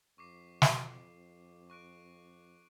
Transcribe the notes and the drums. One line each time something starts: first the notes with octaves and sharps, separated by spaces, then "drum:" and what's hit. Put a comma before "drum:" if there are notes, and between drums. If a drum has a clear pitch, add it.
F2 C#6 D6 C7
drum: snare
C#6 F#6 D7